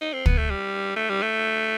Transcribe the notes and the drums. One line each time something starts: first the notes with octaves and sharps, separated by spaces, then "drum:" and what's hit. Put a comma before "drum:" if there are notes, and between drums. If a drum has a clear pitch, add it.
D#4
C4
B3, drum: kick
A3
G3
A3
G3
A3